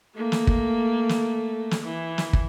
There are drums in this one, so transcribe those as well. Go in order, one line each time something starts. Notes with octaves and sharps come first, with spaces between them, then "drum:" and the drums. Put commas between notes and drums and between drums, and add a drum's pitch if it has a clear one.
A3 A#3
drum: snare
drum: kick
drum: snare
drum: snare
E3
drum: snare
drum: kick